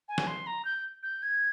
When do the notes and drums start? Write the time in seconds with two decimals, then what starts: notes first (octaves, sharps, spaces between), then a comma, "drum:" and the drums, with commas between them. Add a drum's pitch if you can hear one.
0.09 G#5
0.18 drum: snare
0.27 C6
0.47 A#5
0.65 G6
1.03 G6
1.23 G#6